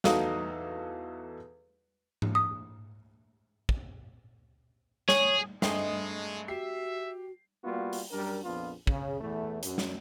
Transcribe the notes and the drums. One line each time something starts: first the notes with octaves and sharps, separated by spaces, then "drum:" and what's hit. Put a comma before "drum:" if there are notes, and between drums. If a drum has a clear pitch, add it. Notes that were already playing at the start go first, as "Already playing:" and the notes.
E2 D#4 F#4 A4 F5 D#6, drum: snare
drum: tom G#2
D#6
drum: kick
G#4 C#5, drum: snare
G2 G#3 A3 C4 G#4 D#5 C7, drum: snare
F#4 G4 E5 C7
G3 A#3 B3 F4 F#4
drum: open hi-hat
F#2 G3 D4 A#4
A#1 F2 B3 D4 F4
C#3, drum: kick
E2 E3 A3
F#2, drum: hi-hat
drum: snare